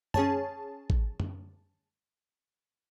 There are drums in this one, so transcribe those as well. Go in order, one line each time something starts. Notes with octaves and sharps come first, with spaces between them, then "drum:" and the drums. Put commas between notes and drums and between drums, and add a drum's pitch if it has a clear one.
C#4 G#4 C#5 A5, drum: tom F#2
drum: kick
drum: tom F#2